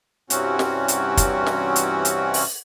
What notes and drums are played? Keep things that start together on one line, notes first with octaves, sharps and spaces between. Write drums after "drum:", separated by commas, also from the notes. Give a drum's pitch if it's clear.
G2 C3 E3 C4 C#4 F#4, drum: hi-hat
drum: snare
drum: hi-hat
drum: kick, hi-hat
drum: snare
drum: hi-hat
drum: hi-hat
drum: open hi-hat